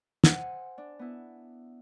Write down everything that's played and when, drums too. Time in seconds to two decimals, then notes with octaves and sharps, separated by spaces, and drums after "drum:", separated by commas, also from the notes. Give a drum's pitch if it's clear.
0.24 C5 F#5 G#5, drum: snare
0.78 D4
0.99 B3 E4